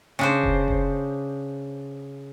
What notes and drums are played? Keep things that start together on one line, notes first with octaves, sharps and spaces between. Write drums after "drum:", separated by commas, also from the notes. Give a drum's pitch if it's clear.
C#3 D4 C5
drum: kick F1
drum: kick F1